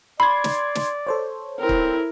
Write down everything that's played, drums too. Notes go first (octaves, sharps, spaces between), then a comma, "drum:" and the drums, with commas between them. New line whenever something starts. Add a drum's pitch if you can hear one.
D5 B5 C6 G#6
drum: snare
drum: snare
A4 C5 C#5
C4 E4 A#4
drum: kick